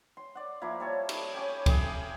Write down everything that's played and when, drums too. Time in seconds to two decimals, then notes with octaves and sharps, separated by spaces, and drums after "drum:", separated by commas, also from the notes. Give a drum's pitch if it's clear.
0.17 C6
0.35 D5 F#5
0.62 F3 A#3 E4
0.80 G3 A4 C#5
1.09 drum: cymbal
1.34 C#4 G4
1.66 G4 G#4, drum: kick C2, cymbal